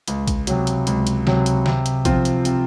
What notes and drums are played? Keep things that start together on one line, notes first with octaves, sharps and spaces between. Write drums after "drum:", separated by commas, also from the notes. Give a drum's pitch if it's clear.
C#2, drum: hi-hat
drum: kick A#1, hi-hat
C3 F#3, drum: hi-hat
drum: hi-hat
C#2, drum: hi-hat
drum: hi-hat
C3 F#3, drum: snare
drum: hi-hat
C3, drum: snare
drum: hi-hat
F3 C4 F4, drum: kick A#1, hi-hat
drum: hi-hat
C3, drum: hi-hat